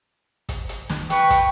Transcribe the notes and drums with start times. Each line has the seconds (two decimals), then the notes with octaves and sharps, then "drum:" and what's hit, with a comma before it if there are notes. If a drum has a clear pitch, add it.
0.49 drum: kick, hi-hat
0.69 drum: hi-hat
0.89 drum: snare
1.10 B4 G5 C#6, drum: hi-hat
1.30 drum: kick, hi-hat